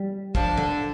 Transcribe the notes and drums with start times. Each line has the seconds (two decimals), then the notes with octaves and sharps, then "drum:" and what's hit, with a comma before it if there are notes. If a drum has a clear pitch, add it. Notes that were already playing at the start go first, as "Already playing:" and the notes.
Already playing: G3
0.35 F3 D4, drum: kick
0.57 D3